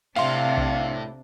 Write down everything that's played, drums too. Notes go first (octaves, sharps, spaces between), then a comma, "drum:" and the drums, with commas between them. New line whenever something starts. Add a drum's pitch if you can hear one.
A2 C3 D4 E5 F5 C6
drum: kick B1